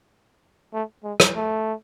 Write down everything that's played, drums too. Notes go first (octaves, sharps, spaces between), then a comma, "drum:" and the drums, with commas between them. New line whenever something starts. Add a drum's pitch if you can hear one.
A3
G#3
drum: rim click
A3